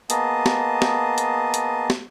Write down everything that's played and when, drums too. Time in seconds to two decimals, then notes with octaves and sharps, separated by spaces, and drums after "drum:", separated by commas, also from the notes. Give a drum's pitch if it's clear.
0.10 A#3 B3 G#4 D#5 A5, drum: hi-hat
0.46 drum: snare
0.82 drum: snare
1.18 drum: hi-hat
1.54 drum: hi-hat
1.90 drum: snare